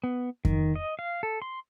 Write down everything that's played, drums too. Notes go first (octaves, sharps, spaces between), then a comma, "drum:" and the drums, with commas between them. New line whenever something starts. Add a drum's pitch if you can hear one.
B3
D#3, drum: kick F2
D#5
F5
A4
C6